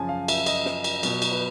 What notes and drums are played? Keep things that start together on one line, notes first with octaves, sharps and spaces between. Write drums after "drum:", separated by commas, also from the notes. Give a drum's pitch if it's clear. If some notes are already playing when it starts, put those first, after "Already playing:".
Already playing: F#2 C#3 F3 G#5 A5
F5
E5, drum: cymbal
D#5, drum: cymbal
drum: snare
drum: cymbal
B2 F#3, drum: cymbal
drum: cymbal
B4